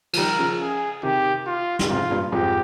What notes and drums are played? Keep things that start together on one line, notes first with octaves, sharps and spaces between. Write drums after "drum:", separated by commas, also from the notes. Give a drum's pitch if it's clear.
F3, drum: cymbal
D#3 G3 A#4
C#3 F3
G#4
C3 D#3 G4
F4
C#3, drum: snare
G#2 C3 F4
G2 A#2
F2 G#2 G4